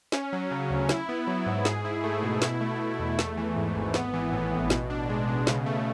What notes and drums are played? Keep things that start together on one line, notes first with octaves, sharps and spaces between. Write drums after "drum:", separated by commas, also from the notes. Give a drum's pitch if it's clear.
C#4, drum: snare
F#3
C#3
D2
E4, drum: snare
B3
F#3
G#2
G#4, drum: snare
E4
A3
B2
E4, drum: snare
A3
B2
E2
A3, drum: snare
E3
G#2
G#1
B3, drum: snare
E3
A2
A1
B2, drum: snare
D4
G#3
B2
C#3, drum: snare
A3